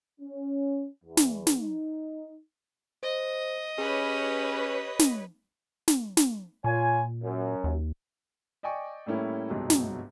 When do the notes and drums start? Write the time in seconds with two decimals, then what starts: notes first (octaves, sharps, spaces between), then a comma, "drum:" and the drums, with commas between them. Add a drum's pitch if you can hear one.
0.20 C#4
1.04 E2
1.17 drum: snare
1.47 drum: snare
1.58 D#4
3.03 C5 D#5
3.78 C#4 G4 G#4 B4 C#5
4.99 drum: snare
5.88 drum: snare
6.17 drum: snare
6.64 A#2 F4 C#5 G#5
7.23 F#2
7.64 D#2
8.63 D5 D#5 G5 G#5 C#6 D6
9.06 A2 G3 A3 A#3 C#4 E4
9.50 G1 C2 G#2 B2 F#3
9.70 drum: snare